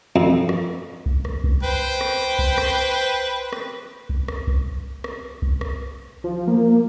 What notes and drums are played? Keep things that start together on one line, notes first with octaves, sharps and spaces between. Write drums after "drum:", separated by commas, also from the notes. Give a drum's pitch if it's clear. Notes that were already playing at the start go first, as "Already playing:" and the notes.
F2
drum: rim click
drum: kick C2
drum: rim click
drum: kick C2
B4 C5 G5
drum: rim click
drum: kick C2
drum: rim click
drum: rim click
drum: kick C2
drum: rim click
drum: kick C2
drum: rim click
drum: kick C2
drum: rim click
F3
A#3